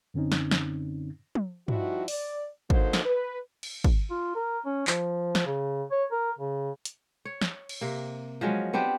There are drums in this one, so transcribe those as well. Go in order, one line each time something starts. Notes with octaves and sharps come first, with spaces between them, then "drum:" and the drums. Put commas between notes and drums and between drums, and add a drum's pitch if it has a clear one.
F#2 D3 C4 C#4 D#4
drum: snare
drum: snare
drum: tom
F3 G3 D#4 E4 F#4, drum: tom
D5, drum: open hi-hat
D3 F#3 A#3 D#4 A4 C5, drum: kick
drum: snare
B4
drum: cymbal
drum: kick
F4
A#4
C#4
F3, drum: clap
drum: snare
C#3
C#5
A#4
C#3
drum: hi-hat
C#5
drum: snare
drum: cymbal
C3 A#3
F3 F#3 G#3 C#4
B3 C4 D4 G4